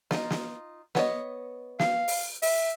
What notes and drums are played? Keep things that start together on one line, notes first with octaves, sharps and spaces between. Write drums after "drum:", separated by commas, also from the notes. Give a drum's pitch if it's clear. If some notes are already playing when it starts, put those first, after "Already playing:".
D#4 F4, drum: snare
drum: snare
B3 C#5 D#5, drum: snare
F5, drum: snare
drum: open hi-hat
E5, drum: open hi-hat